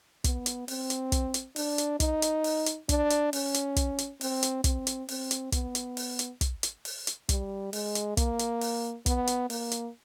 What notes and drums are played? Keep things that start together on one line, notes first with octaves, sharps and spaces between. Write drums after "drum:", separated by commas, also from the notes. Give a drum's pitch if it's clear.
B3, drum: kick, hi-hat
drum: hi-hat
C4, drum: open hi-hat
drum: hi-hat
drum: kick, hi-hat
drum: hi-hat
D4, drum: open hi-hat
drum: hi-hat
D#4, drum: kick, hi-hat
drum: hi-hat
drum: open hi-hat
drum: hi-hat
D4, drum: kick, hi-hat
drum: hi-hat
C#4, drum: open hi-hat
drum: hi-hat
drum: kick, hi-hat
drum: hi-hat
C4, drum: open hi-hat
drum: hi-hat
C4, drum: kick, hi-hat
drum: hi-hat
C4, drum: open hi-hat
drum: hi-hat
B3, drum: kick, hi-hat
drum: hi-hat
drum: open hi-hat
drum: hi-hat
drum: kick, hi-hat
drum: hi-hat
drum: open hi-hat
drum: hi-hat
G3, drum: kick, hi-hat
G#3, drum: open hi-hat
drum: hi-hat
A#3, drum: kick, hi-hat
drum: hi-hat
drum: open hi-hat
B3, drum: kick, hi-hat
drum: hi-hat
A#3, drum: open hi-hat
drum: hi-hat